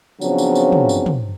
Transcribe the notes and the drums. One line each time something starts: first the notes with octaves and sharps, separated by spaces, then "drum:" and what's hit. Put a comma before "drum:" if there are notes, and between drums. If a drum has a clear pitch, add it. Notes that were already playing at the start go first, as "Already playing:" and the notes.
C#3 F3 F#3 B3 C4 D4, drum: tambourine
drum: tambourine
drum: tambourine
drum: tom
drum: tambourine
drum: tom